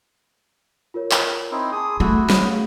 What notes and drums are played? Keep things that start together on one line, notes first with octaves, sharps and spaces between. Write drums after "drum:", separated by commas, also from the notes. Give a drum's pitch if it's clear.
F4 A#4 C#5
drum: clap
C4 D#4 E4
G#4 A5 C6 D6 D#6
A3 E4 F#4
C#5 D#6, drum: snare
F#4 G#4 F5